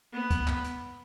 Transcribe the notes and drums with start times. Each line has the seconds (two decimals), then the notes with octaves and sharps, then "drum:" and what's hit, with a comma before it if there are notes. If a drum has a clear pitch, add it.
0.13 B3
0.31 drum: kick, hi-hat
0.48 drum: clap
0.64 drum: hi-hat